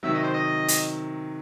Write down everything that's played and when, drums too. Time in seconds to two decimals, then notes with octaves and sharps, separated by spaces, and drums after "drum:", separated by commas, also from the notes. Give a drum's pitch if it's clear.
0.03 C3 D#3 F#3 E5
0.13 D#5
0.23 C5
0.33 D#5
0.68 drum: hi-hat